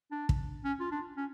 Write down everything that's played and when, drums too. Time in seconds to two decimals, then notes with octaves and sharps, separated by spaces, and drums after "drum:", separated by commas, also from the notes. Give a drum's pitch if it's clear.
0.11 D4
0.29 drum: kick
0.64 C#4
0.80 F4
0.91 D4
1.17 C#4